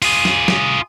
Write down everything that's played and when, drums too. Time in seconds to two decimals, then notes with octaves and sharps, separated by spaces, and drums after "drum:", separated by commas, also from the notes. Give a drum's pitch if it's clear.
0.02 F4 G#4, drum: open hi-hat
0.25 drum: snare
0.48 drum: snare